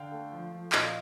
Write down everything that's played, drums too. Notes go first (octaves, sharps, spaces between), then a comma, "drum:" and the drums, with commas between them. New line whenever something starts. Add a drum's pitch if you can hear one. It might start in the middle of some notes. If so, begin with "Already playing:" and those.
Already playing: D3 F5 G5
A3
F3
F3
A#2 D#5 F5, drum: clap